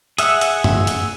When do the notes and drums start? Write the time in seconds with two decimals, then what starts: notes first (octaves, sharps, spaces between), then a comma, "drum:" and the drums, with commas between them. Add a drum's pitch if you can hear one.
0.18 G#4 E5 F#5, drum: hi-hat
0.41 drum: hi-hat
0.64 drum: tom
0.87 drum: hi-hat